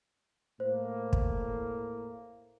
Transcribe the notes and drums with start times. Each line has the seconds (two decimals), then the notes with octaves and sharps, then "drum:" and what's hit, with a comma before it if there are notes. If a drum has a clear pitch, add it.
0.60 A2 A#3 C5
1.13 drum: kick